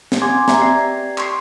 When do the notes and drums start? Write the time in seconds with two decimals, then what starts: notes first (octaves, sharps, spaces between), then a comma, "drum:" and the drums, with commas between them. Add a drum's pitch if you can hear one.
0.12 drum: snare
0.22 C#4 F#5 G#5 C6 D6 G#6
0.48 C4 B4 E5 A#5, drum: snare
0.62 G4 D5 G5 G#6 C7
1.18 C6 C#6 C7, drum: clap